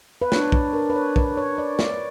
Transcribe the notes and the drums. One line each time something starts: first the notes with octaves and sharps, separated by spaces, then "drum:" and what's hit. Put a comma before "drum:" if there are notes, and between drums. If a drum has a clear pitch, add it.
B4
D4 C#5, drum: snare
B4, drum: kick
A#4
B4
C#5
B4, drum: kick
C#5
D5
D5, drum: snare